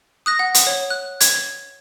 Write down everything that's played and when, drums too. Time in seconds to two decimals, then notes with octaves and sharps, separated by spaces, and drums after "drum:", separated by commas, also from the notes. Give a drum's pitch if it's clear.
0.26 D#6 F#6 A#6
0.39 F#5
0.54 drum: hi-hat
0.67 C#5
0.90 F#6
1.21 G#6, drum: hi-hat